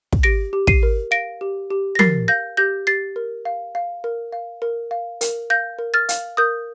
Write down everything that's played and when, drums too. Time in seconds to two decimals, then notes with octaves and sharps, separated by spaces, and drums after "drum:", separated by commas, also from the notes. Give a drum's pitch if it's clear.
0.13 drum: kick
0.23 G4 A#6 D7
0.53 G4
0.67 C7 D#7, drum: kick
0.83 A#4
1.11 F5 A#6 D7
1.41 G4
1.71 G4
1.95 A#6
1.99 A#4 A6 C7, drum: tom F3
2.28 F5 G6 A#6
2.57 G4 G6 A#6
2.87 G4 A6 C7
3.16 A#4
3.45 F5
3.75 F5
4.04 A#4
4.33 F5
4.62 A#4
4.91 F5
5.21 A#4, drum: hi-hat
5.50 F5 G6 A#6
5.79 A#4
5.94 F6 A6
6.09 F5, drum: hi-hat
6.37 A#4 D#6 G6